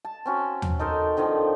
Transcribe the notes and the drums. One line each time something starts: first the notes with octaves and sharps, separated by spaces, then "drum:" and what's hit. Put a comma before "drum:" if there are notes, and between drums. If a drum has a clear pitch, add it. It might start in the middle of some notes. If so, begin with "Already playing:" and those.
A5
C4 C#4 F#4
drum: tom
D#4 A4 A#4 C5
D3 D#3 F3 C4